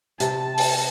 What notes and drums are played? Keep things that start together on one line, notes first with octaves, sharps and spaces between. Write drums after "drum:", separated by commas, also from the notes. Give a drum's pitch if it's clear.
C3 A5, drum: hi-hat
drum: open hi-hat